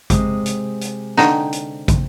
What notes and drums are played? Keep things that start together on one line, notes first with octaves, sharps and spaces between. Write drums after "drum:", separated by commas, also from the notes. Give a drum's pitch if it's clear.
C3 G#3 D#6, drum: kick, hi-hat
drum: hi-hat
drum: hi-hat
D3 D#4 G5, drum: snare
drum: hi-hat
drum: kick, hi-hat